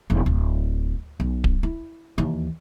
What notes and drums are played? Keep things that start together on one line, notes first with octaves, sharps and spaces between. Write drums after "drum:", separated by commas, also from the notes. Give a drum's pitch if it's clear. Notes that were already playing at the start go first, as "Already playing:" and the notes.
D#1 D3
D1
B1
drum: kick D1
E4
D#2 E3